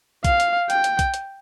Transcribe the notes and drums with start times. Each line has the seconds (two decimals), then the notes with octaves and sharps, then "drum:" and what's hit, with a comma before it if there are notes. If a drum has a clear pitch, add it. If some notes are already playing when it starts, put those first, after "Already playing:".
0.24 F5, drum: kick, hi-hat
0.40 drum: hi-hat
0.70 G5, drum: hi-hat
0.84 drum: hi-hat
0.99 drum: kick, hi-hat
1.14 drum: hi-hat